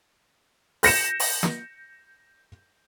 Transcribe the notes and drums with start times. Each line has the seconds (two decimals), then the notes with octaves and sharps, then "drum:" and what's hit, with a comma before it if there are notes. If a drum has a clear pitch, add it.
0.83 G6 A#6 C#7 E7, drum: open hi-hat
1.20 drum: open hi-hat
1.43 drum: snare